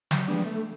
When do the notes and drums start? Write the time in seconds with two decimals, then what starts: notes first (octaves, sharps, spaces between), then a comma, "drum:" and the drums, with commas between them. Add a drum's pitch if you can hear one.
0.11 F#3, drum: snare
0.28 F3 G3 G#3 B3 D4
0.45 A3